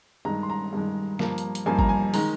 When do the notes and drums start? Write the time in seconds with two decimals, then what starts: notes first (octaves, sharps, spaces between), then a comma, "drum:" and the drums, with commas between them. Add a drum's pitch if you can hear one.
0.25 G2 D#3 G#3 A#5
0.43 C6
0.50 A#5
0.73 G2 D#3 G#3
1.19 G2 F3 A#3, drum: snare
1.38 drum: hi-hat
1.55 drum: hi-hat
1.66 G2 F3 A#3 G#5
1.79 A#5, drum: kick G#1
1.89 G#5
2.14 D#3 G#3 A#5, drum: open hi-hat